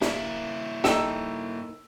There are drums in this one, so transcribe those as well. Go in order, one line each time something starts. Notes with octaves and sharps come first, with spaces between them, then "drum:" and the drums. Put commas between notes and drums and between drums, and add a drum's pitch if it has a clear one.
A#3 E4, drum: snare
D#4 A4 G5 E6 E7, drum: snare